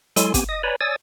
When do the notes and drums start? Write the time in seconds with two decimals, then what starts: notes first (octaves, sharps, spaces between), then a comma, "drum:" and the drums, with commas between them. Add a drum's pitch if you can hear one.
0.16 F#3 G#3 E4 A4 G#5 C6, drum: hi-hat
0.34 B3 C4 G4 G#5, drum: kick, hi-hat
0.49 D#5 D#6
0.63 B4 C#5 D5 G#5 A#5 B5
0.81 C#5 D5 G#5 D#6 E6 A6